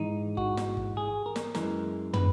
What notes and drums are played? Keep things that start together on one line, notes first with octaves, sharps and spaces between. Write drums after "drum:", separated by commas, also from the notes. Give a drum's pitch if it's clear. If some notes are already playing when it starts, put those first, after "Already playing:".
Already playing: G#2 E3 G#3 D#4
F#4, drum: kick
drum: snare
drum: kick
G#4
A#4
drum: snare
F#2 E3 G#3 A#4, drum: snare
B4, drum: tom